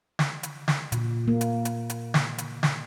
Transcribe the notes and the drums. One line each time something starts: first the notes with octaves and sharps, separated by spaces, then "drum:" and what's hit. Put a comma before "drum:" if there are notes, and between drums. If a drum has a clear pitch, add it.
drum: snare
drum: hi-hat
drum: snare
A#2, drum: hi-hat
A#3
drum: hi-hat
drum: hi-hat
drum: hi-hat
drum: snare
drum: hi-hat
drum: snare